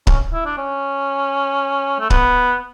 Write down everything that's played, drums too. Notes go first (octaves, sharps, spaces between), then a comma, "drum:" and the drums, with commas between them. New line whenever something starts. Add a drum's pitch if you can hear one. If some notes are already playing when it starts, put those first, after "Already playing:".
C#4, drum: kick C#1
E4
D4
C#4
A3
B3, drum: kick C#1